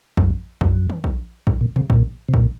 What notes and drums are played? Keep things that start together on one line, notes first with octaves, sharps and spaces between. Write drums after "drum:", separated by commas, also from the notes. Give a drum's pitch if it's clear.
F#2, drum: kick
F#2, drum: kick
drum: tom D#3
drum: kick
G#2, drum: kick
A#2
C3, drum: tom C3
A#2, drum: kick
C3
A#2, drum: kick